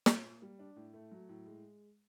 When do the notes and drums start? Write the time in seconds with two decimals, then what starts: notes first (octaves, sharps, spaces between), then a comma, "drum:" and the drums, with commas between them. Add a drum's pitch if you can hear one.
0.06 A#2, drum: snare
0.24 A#3
0.42 G3
0.59 D4
0.76 A2
0.93 A3
1.11 F#3
1.29 A2
1.46 G#3